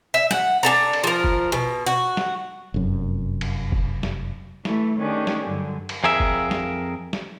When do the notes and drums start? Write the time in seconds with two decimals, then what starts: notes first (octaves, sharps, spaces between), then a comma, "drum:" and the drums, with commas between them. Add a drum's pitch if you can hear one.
0.14 E5
0.31 F#5, drum: snare
0.63 D4 A4 A#5
0.93 drum: cymbal
1.04 F3 A#4
1.24 drum: kick
1.52 B2
1.86 F#4
2.17 drum: snare
2.74 F1 F#2
3.41 drum: cymbal
3.72 drum: kick
4.03 drum: snare
4.65 E3 A3, drum: snare
4.98 D#3 A3 C#4 D4 G4 G#4
5.27 drum: snare
5.46 G2 D3 F#3
5.89 drum: cymbal
6.04 F2 G#4 A#4 E5
6.20 drum: kick
6.51 drum: snare
7.13 drum: snare